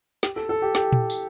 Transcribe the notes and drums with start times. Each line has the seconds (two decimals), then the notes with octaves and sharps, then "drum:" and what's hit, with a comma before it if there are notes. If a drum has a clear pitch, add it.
0.23 G4, drum: snare
0.36 A4
0.49 A4
0.62 G4
0.75 G4, drum: snare
0.92 drum: tom A#2
1.10 drum: tambourine